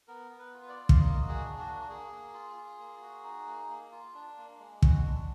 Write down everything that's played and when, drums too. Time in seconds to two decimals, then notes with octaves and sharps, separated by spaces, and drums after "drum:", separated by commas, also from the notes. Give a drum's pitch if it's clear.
0.08 B3 A#4
0.31 B3
0.39 B4
0.54 F4
0.63 B4
0.69 D5
0.75 F4
0.89 F5, drum: kick
0.99 A#3 D#5
1.21 F#4
1.29 G#4
1.44 D4
1.59 F#4
1.66 A#3
1.81 F#4
1.89 A#3 G#4
2.12 A#3
2.34 F4
2.57 F4
2.79 A#3
3.02 F#4
3.24 D#4
3.46 A#3
3.70 A#3
3.92 F4
4.14 D4
4.38 A#3
4.59 G#3
4.82 F#4, drum: kick
5.05 D4